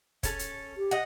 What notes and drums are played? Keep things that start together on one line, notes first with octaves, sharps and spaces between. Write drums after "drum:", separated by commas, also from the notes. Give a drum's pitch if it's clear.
C#4 A4, drum: kick, hi-hat
drum: hi-hat
G4
D#5 F#5